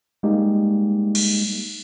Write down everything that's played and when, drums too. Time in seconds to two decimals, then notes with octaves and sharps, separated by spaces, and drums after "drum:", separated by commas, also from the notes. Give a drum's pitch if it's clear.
0.23 G3 G#3 A#3 D#4 G4
1.15 drum: cymbal